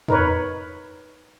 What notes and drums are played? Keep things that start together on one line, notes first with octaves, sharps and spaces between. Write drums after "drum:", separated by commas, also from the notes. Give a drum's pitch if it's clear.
D#4 A#4 B4 C#5, drum: tom E2